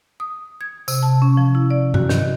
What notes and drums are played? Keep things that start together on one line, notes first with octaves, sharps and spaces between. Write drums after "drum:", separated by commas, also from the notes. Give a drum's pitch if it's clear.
D#6
G#6
C3, drum: tambourine
A5
C#4
F3
E4
D5
F#4, drum: tom G2
D#3, drum: snare